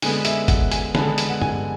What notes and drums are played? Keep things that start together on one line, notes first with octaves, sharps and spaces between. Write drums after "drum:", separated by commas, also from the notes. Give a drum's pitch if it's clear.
D3 G#3 B3 G#5, drum: open hi-hat
E5, drum: hi-hat
F#5, drum: kick, hi-hat
G#5, drum: hi-hat
D3 G#3 B3 A5, drum: snare
drum: hi-hat
F#5
G#5, drum: tom G2